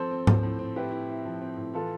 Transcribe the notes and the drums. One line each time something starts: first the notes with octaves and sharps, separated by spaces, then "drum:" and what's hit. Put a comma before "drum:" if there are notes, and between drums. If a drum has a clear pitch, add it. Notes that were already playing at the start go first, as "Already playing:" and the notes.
Already playing: F3 C4 A4 C5
C4
F3, drum: tom G#2
A2
C4
E4 G4 B4
E4
E4
F3
C4
A2
E3 F4 A4